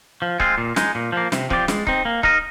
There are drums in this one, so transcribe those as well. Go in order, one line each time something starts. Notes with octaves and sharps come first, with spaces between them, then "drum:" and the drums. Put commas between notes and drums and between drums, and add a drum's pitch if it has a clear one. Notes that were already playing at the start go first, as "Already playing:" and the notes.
F3
G#3 C4 F4, drum: kick C#1
A#2
G#3 D#4, drum: snare
A#2
F3 A#3
C3, drum: snare
F3 C4 G4 D5, drum: kick C#1
G#3, drum: snare
C4 D#4, drum: kick C#1
A#3
D#4 A#4 D#5, drum: kick C#1